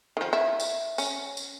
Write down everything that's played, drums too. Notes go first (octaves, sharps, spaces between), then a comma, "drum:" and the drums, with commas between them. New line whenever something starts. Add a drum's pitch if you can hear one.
D#3 F3
E4
drum: tambourine
C#4, drum: tambourine
drum: tambourine